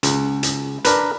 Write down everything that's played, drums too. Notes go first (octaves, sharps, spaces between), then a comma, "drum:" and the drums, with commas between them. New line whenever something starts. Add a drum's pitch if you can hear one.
C#2, drum: hi-hat
drum: hi-hat
D4 A#4 B4, drum: hi-hat